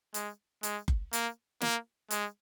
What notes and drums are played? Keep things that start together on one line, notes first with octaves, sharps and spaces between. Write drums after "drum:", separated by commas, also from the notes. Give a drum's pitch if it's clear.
G#3, drum: hi-hat
G#3, drum: hi-hat
drum: kick F#1
A#3, drum: hi-hat
A#3, drum: snare
G#3, drum: hi-hat